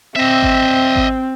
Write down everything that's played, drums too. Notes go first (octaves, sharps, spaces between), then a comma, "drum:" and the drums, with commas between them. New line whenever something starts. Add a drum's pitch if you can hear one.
C4 D#5 E5
drum: kick G#1
drum: kick G#1